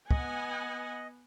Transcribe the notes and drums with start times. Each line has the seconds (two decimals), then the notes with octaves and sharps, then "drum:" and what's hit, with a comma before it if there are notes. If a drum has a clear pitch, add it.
0.11 B3 D#5 F#5 G#5, drum: kick